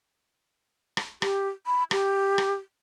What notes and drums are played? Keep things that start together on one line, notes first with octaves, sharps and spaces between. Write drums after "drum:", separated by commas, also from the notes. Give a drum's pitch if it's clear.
drum: rim click
G4, drum: rim click
B5
G4, drum: rim click
drum: rim click